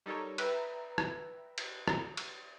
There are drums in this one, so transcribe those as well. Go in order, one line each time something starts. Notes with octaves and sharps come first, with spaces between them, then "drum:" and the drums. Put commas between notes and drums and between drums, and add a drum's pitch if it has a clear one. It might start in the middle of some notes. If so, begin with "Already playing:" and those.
G3 D#4 A4 A#4 C#5
B4 E5 G5 A#5, drum: cymbal
drum: rim click
drum: cymbal
drum: rim click
drum: cymbal